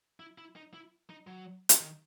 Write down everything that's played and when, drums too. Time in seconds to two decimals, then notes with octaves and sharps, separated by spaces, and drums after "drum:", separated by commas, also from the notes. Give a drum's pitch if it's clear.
0.20 E4
0.38 E4
0.56 D#4
0.74 E4
1.10 D#4
1.27 F#3
1.69 drum: hi-hat
1.81 D#3